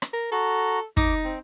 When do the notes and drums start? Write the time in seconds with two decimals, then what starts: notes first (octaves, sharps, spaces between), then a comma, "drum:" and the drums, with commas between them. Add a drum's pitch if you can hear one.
0.02 drum: rim click
0.13 A#4
0.32 F#4 A4 A#5
0.97 D#4 D6, drum: kick
1.24 C4